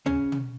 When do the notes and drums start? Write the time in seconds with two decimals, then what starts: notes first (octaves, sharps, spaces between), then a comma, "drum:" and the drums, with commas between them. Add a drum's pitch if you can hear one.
0.06 C#3 C#4, drum: tom
0.32 drum: tom